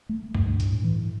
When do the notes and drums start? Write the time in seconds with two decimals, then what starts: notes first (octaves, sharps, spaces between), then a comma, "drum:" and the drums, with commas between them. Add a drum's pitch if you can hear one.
0.09 A3
0.35 G2, drum: kick C#2
0.60 A2, drum: hi-hat
0.84 E3